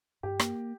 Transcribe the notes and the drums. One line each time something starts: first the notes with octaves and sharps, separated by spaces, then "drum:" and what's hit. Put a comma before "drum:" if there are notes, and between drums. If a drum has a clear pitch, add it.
G2 G4
A#3, drum: rim click